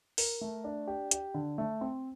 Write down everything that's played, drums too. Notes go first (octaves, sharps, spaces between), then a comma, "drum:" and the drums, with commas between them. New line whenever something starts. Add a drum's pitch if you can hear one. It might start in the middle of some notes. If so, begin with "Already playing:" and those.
A#4, drum: open hi-hat
A3
D4
G4
G4, drum: hi-hat
D3
A3
C4